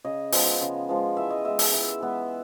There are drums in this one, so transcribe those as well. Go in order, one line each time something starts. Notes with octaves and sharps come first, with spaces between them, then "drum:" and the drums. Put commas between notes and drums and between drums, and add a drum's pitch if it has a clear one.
C#3 D#5
F3 G#3 B3, drum: open hi-hat
C#3
F3 G#3 B3
E3 E5
D#5
G#3 B3 E5
E5, drum: open hi-hat
E3
G#3 B3